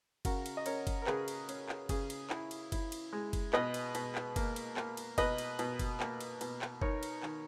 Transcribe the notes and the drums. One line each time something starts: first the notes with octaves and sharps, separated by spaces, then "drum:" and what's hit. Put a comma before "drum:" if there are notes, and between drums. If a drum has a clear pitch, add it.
C#3 F#4 A#4, drum: kick F#1, cymbal
drum: cymbal
D#5
C#4 A#4 C#5, drum: cymbal
drum: kick F#1, cymbal
A#4
C#3 G#4 B4, drum: clap
drum: cymbal
C#4, drum: cymbal
drum: clap
C#3 G#4, drum: kick F#1, cymbal
drum: cymbal
E4, drum: clap
drum: cymbal
E4, drum: kick F#1, cymbal
drum: cymbal
G#3
drum: kick F#1, cymbal
B2 B4 D#5, drum: clap
drum: cymbal
B2, drum: cymbal
drum: clap
A#3, drum: kick F#1, cymbal
drum: cymbal
A#3, drum: clap
drum: cymbal
B2 B4 D#5, drum: kick F#1, cymbal
drum: cymbal
B2, drum: cymbal
drum: kick F#1, cymbal
A#3, drum: clap
drum: cymbal
B2, drum: cymbal
drum: clap
D#4 A#4 C#5, drum: kick F#1
drum: cymbal
D#3, drum: clap